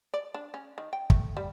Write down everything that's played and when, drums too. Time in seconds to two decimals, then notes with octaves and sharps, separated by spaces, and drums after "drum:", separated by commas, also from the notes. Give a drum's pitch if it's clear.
0.14 D5
0.34 D4
0.54 C#4
0.78 D#3
0.93 G5
1.10 A3, drum: kick
1.37 G3